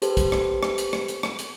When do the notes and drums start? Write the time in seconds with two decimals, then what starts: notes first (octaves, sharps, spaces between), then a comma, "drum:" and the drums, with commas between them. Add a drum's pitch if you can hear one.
0.02 G4 A4 B4 C5, drum: hi-hat
0.17 drum: kick, hi-hat
0.32 drum: rim click
0.63 drum: rim click
0.78 drum: hi-hat
0.93 drum: rim click
1.08 drum: hi-hat
1.23 drum: rim click
1.39 drum: hi-hat